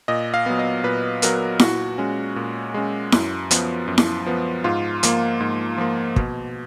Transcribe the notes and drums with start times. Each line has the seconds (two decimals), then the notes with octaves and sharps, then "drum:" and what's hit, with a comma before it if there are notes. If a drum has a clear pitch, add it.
0.08 A#2 D#5
0.34 F5
0.46 F#3 B3
0.59 D#5
0.84 A#2 B4
1.22 F#3 B3 A#4, drum: hi-hat
1.59 A#2 F#4, drum: snare E4
1.98 G#3 C#4
2.36 A#2
2.74 G#3 C#4
3.12 F#2, drum: snare E4
3.51 F3 B3, drum: hi-hat
3.88 F#2
3.98 drum: snare E4
4.26 F3 B3
4.64 G#2 F4
5.03 F3 A#3, drum: hi-hat
5.40 G#2
5.78 F3 A#3
6.16 B2, drum: kick